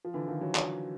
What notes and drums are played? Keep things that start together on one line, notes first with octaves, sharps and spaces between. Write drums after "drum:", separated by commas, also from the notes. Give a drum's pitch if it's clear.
F3
D3 E3
D#3 F3
E3 F#3
drum: clap